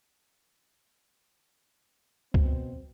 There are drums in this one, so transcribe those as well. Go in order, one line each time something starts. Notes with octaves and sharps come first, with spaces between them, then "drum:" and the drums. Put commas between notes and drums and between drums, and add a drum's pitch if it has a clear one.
B2 C4, drum: kick C#2